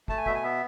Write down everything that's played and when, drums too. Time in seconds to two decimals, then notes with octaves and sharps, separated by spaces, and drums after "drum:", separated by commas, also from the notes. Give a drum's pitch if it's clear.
0.08 A3 A5, drum: kick
0.17 G#5
0.26 B2 E5, drum: kick
0.35 G#5
0.43 B3 E5